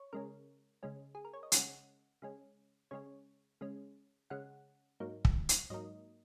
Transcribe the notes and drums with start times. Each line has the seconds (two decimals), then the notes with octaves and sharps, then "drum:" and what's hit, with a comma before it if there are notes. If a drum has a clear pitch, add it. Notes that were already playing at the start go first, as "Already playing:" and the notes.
Already playing: C#5
0.13 C#3 G#3 C#4 A#4
0.83 C#3 G#3 C#4
1.15 G#4
1.25 A#4
1.33 C#5
1.43 D#5
1.52 C#3 G#3 C#4 F#5, drum: hi-hat
2.22 C#3 G#3 C#4
2.91 C#3 G#3 C#4 C#5
3.61 C#3 G#3 C#4
4.30 C#3 G#3 C#4 F#5
5.00 G#2 F#3 A#3 D#4
5.25 drum: kick
5.49 drum: hi-hat
5.70 G#2 F#3 A#3 D#4 D#5